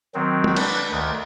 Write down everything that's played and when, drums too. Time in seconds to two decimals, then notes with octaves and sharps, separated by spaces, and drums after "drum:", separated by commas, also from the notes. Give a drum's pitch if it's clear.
0.14 D#3 F#3 C4
0.44 drum: tom
0.56 D4 B4, drum: cymbal
0.91 D2 D#3